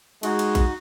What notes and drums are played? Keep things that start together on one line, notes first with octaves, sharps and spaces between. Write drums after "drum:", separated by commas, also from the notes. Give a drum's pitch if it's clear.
G#3 D#4 F#4, drum: cymbal
drum: cymbal
drum: kick A1, cymbal